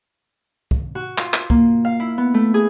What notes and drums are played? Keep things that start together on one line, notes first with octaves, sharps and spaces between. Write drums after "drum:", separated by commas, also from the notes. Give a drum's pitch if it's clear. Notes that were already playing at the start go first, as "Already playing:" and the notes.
drum: kick
F#4
F4, drum: clap
drum: clap
A#3, drum: kick
F5
E4
B3
A3
G#4